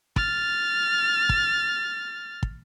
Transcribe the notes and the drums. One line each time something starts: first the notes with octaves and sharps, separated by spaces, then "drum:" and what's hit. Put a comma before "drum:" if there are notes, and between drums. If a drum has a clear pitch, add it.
F6 A6, drum: kick
drum: kick
drum: kick